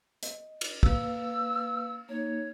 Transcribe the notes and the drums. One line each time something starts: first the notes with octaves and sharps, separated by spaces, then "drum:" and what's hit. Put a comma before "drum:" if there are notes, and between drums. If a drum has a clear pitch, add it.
D#5, drum: hi-hat
drum: cymbal
A#3 B4 F5 E6, drum: kick
A#3 D#4 C#5